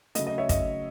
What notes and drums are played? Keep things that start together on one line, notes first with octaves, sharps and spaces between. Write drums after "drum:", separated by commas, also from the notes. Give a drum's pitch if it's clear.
C#3 F#3 A3 D#5, drum: hi-hat
D#5
C#5 E5
D#5, drum: kick, hi-hat